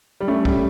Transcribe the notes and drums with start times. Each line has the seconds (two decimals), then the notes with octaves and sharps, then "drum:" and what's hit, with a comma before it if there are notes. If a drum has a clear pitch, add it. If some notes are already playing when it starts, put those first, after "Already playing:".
0.20 G3
0.28 A3 C#4
0.45 G3, drum: kick